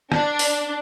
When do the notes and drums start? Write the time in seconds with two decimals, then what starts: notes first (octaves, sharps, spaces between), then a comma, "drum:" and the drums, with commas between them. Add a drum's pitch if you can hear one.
0.12 D4, drum: rim click
0.39 drum: open hi-hat